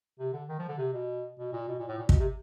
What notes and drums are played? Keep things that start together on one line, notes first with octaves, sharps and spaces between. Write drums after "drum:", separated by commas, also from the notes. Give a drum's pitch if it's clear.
C3
D3
D#3
F3
D3
C3
B2
B2
A#2
B2
A#2
A2
A#2
B2, drum: kick
C3